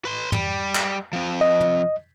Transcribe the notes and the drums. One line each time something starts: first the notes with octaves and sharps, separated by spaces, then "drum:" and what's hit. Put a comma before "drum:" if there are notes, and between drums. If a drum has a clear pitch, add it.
B4 C6
G3, drum: tom
drum: clap
F3 C4
D#5
drum: tom